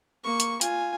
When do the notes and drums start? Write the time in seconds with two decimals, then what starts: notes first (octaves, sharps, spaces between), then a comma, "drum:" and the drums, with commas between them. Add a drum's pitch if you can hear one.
0.24 A#3 C#6
0.40 drum: hi-hat
0.61 F4 G#5, drum: hi-hat